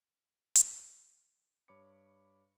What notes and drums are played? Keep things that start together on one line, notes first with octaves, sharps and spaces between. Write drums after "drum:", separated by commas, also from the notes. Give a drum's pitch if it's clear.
drum: hi-hat
G2 C#5 B5 D6 C#7